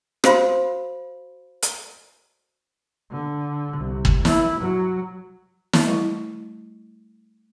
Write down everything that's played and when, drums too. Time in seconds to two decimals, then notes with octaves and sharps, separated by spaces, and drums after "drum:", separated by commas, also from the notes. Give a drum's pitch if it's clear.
0.24 F#4 C5 F5 B5 C6, drum: rim click
1.62 drum: hi-hat
3.11 D3
3.78 C2
4.05 drum: kick
4.25 E4, drum: snare
4.60 F#3
5.73 drum: snare
5.87 G3 A3 E4